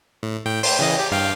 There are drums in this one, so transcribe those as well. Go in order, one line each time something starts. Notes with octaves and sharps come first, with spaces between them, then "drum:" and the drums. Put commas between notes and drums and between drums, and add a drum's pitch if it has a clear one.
A2
A2 G5
C5, drum: open hi-hat
C#3 E3 D#5
G4
G2 F5 G5